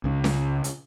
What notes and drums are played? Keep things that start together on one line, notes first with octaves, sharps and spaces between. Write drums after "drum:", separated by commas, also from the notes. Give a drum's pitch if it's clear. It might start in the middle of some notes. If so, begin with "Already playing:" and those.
C#2 C#3
drum: snare C#4
drum: hi-hat